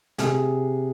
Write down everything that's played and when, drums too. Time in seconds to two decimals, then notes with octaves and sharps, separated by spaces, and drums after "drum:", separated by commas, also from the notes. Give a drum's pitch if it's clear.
0.18 C3 G#4, drum: snare